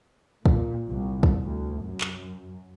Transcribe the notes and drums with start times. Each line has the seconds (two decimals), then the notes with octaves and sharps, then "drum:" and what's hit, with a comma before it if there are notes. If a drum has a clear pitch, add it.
0.46 A#2, drum: kick
0.89 C2
1.23 drum: kick
1.42 D2
1.84 F#2
2.01 drum: clap